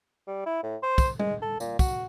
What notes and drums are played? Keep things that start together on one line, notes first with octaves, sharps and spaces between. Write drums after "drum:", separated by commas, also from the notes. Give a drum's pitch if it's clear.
G3
E4
A2
C5
drum: kick, tambourine
G#3, drum: tom G3
A4
A#2, drum: tambourine
F#4, drum: kick, tambourine